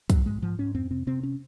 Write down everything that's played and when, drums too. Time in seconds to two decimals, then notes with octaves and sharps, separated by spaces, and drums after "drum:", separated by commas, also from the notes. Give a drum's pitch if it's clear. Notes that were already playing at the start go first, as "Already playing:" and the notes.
0.10 G#2 F#3, drum: kick, hi-hat
0.26 G#2 G#3
0.42 G#2 F3
0.58 G#2 C#4
0.75 F2 C4
0.91 C3 C4
1.07 C3 C4
1.23 C#4